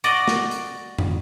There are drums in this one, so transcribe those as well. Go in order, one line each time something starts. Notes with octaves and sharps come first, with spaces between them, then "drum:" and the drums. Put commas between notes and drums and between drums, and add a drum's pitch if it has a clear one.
F#4 D5 D#5, drum: hi-hat
drum: snare
drum: hi-hat
drum: tom